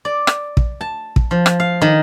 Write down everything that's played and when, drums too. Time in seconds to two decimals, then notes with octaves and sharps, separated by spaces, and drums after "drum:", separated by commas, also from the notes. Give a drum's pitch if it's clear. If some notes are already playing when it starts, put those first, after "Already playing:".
0.05 D5
0.27 drum: rim click
0.57 drum: kick
0.81 A5
1.16 drum: kick
1.31 F3
1.46 drum: rim click
1.60 F5
1.82 D#3